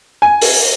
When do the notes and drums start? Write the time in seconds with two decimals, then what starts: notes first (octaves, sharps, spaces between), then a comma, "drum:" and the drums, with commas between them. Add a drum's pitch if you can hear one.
0.22 G#5
0.41 drum: open hi-hat